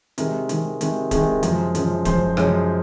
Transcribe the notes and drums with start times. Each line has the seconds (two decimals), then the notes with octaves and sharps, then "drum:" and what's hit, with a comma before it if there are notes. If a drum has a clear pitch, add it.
0.18 C3 D#3 G#3 A#4, drum: hi-hat
0.49 C3 D#3 G#3, drum: hi-hat
0.81 C3 D#3 G#3, drum: hi-hat
1.11 C3 D#3 G#3 G#4, drum: kick D1, hi-hat
1.43 F#2 C#3 F3 G#3 A#4, drum: hi-hat
1.75 F#2 C#3 F3 G#3, drum: hi-hat
2.05 F#2 C#3 F3 G#3 C5, drum: kick D1, hi-hat
2.37 F#2 C#3 F3 G#3 C#5, drum: rim click